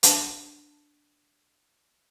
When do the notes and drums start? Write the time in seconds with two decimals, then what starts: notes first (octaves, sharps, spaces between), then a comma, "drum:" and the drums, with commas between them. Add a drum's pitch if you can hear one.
0.03 D4 A5, drum: hi-hat